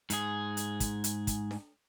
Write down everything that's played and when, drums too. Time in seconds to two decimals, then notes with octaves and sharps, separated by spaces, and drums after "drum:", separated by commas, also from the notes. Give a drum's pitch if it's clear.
0.10 G#2 G#4, drum: hi-hat
0.57 drum: hi-hat
0.80 drum: kick, hi-hat
1.04 drum: hi-hat
1.27 drum: kick, hi-hat
1.51 drum: snare D4